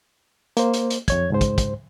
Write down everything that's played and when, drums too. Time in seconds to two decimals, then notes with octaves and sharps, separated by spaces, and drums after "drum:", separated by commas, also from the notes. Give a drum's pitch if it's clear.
0.57 A#3 C5, drum: hi-hat
0.74 drum: hi-hat
0.90 drum: hi-hat
1.08 F2 C#5 G#6, drum: kick, hi-hat
1.30 C#2 G#2 C5
1.41 drum: kick, hi-hat
1.58 drum: kick, hi-hat